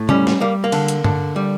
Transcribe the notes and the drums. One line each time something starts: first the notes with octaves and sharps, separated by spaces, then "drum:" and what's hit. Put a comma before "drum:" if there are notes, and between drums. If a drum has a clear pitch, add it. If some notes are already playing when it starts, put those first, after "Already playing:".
Already playing: A2
G3 C#4, drum: tom C#3
drum: snare
G3 A#3
A#3
D3, drum: cymbal
drum: hi-hat
D3, drum: tom G2
G3